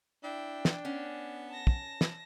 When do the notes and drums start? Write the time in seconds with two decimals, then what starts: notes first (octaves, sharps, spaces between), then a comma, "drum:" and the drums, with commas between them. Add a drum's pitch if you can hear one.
0.23 D4 E4 G5
0.65 drum: snare
0.85 B3 C#4
1.50 A5 A#6
1.67 drum: kick
2.01 drum: snare